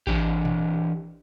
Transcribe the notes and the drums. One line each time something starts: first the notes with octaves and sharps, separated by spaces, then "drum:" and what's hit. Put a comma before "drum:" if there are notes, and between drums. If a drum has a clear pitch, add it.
E3 D4 G4, drum: kick A1
drum: tom A#2